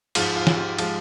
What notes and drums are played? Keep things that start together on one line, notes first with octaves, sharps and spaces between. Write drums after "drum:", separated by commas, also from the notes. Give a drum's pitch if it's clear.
G#2 F3 G#3 F4, drum: cymbal
F4
drum: snare
F4 G4
F3 G#3 F4, drum: cymbal